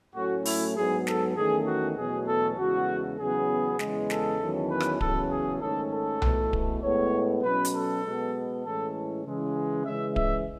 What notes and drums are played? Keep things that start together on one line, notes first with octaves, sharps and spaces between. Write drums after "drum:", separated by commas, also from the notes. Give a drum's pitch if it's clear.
A2 F#3 A3 C#4 F#4
E4, drum: open hi-hat
G#2 F#3 B3 G#4
A4, drum: snare
E2 D#3 A3 C#4 G#4
F#4
E2 B2 F#3 A3 C#4 G#4
A4
E2 C#3 G#3 F#4
E2 C#3 F#3 B3 G#4
E2 C#3 G#3, drum: snare
A4, drum: snare
E2 D#3 F#3 C#4
B4
drum: rim click
E2 C#3 F#3 C#4 A4, drum: kick D1
G#4
G#2 D#3 A3 C#4 A4
A4
E2 B2 A3, drum: tom B1
drum: kick D1
A2 G#3 B3 C#5
B2 F#3 C#4 B4
drum: hi-hat
A4
B2 G#3 B3
A2 E3 G#3 C#4 A4
C#3 E3 G#3
C#3 E3 G#3 C#4 E5
E5, drum: kick D1